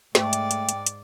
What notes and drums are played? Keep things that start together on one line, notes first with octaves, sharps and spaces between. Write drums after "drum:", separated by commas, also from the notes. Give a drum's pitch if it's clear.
G#2 A3 D5 G5, drum: snare
drum: hi-hat
drum: hi-hat
drum: hi-hat
drum: hi-hat